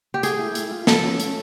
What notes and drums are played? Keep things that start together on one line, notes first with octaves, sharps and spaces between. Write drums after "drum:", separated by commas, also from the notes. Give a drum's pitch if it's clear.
G4
A3 G#4, drum: hi-hat
E4
A3, drum: hi-hat
F4
F3 A4, drum: snare
C#4
A3, drum: hi-hat